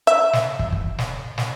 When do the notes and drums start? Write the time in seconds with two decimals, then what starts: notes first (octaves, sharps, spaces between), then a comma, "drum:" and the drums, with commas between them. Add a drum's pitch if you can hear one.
0.07 E5
0.33 drum: snare
0.59 drum: kick
0.72 drum: kick
0.98 drum: snare
1.38 drum: snare